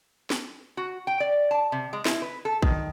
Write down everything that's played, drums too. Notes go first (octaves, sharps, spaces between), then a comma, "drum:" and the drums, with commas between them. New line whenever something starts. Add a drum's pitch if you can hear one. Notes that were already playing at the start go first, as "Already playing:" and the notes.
drum: snare
F#4
G5
D5
A5
C3
G#3
E4, drum: snare
B4
A4
D#3, drum: kick